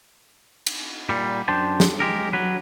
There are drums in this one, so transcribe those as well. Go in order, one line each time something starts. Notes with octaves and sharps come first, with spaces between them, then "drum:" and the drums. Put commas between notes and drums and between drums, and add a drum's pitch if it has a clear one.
drum: cymbal
A#2 G3
F#2 D4 C5 G5 A5
drum: snare
G#3 G4 A#4
F#3 B4